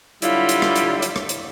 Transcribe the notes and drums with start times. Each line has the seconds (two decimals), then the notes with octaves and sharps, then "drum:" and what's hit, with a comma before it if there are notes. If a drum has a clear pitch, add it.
0.22 D3 F#3 G3 E4 F4, drum: hi-hat
0.49 drum: hi-hat
0.62 drum: rim click
0.76 drum: hi-hat
1.02 drum: hi-hat
1.16 drum: rim click
1.29 drum: hi-hat